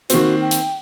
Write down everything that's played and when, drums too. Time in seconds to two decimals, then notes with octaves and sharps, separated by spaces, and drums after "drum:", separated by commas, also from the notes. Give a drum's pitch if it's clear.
0.10 D#3 A#3 C4 F#4, drum: hi-hat
0.41 G5
0.51 drum: hi-hat